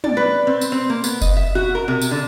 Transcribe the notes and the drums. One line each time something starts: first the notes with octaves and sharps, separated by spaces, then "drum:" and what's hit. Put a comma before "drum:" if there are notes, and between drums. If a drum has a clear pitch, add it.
D5, drum: tom
B4
C4
drum: tambourine
C4
A#3
B3, drum: tambourine
D#5, drum: kick F#1, tambourine
E5
F#4
A#4
C3
drum: tambourine
D3